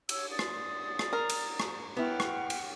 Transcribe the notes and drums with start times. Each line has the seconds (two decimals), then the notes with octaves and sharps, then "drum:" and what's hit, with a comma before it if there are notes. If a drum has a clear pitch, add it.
0.09 C#5 E6, drum: cymbal
0.30 D5 D#6
0.39 drum: rim click
0.99 drum: rim click
1.13 A#4
1.29 drum: cymbal
1.60 drum: rim click
1.97 B3 E4 F#5 G5 F6
2.20 drum: rim click
2.50 drum: cymbal